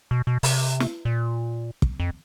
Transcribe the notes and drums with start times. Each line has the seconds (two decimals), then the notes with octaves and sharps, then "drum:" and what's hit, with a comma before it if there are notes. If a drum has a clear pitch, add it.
0.11 B2
0.27 B2
0.43 C3, drum: open hi-hat
0.80 drum: snare
1.05 A#2
1.82 drum: kick
2.00 F2